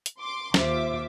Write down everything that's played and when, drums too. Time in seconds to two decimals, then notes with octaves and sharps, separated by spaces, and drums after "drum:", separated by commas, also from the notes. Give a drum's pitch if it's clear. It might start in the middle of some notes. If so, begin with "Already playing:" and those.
0.06 drum: hi-hat
0.19 C6 D6
0.54 D#2 F4 C5 E5 D6, drum: snare